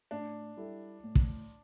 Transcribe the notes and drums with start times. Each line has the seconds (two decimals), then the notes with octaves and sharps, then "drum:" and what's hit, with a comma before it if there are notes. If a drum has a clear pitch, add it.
0.11 A2 D4
0.57 G3 E4 A4
1.03 A2
1.15 drum: kick